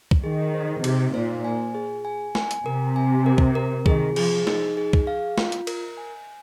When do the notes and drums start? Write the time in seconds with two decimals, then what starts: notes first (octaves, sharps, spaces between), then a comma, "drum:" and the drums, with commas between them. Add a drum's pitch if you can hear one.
0.11 drum: kick
0.23 D#3 G#4
0.54 C5
0.84 C3 D#4, drum: cymbal
1.14 A#2 C5
1.44 G#5
1.75 G#4
2.05 G#5
2.35 G#5, drum: snare
2.51 drum: hi-hat
2.65 C3 A#4
2.96 G#5
3.26 A#4
3.38 drum: kick
3.55 A#4
3.86 D#3 G#4, drum: kick
4.16 F3 G#4, drum: cymbal
4.47 D#4, drum: snare
4.77 G#4
4.93 drum: kick
5.07 F5
5.38 F4, drum: snare
5.52 drum: hi-hat
5.67 A#4, drum: cymbal
5.97 G#5